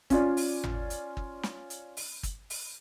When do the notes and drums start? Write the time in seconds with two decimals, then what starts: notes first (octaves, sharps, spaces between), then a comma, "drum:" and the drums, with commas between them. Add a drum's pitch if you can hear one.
0.10 C#4 F4 D5, drum: kick, hi-hat
0.37 drum: open hi-hat
0.63 drum: tom G#1
0.90 drum: hi-hat
1.17 drum: kick
1.43 drum: snare
1.70 drum: hi-hat
1.97 drum: open hi-hat
2.23 drum: kick, hi-hat
2.50 drum: open hi-hat